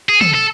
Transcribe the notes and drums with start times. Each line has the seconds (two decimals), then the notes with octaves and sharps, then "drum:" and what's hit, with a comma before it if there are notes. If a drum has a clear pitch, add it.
0.09 G#4
0.21 A4, drum: tom
0.34 A4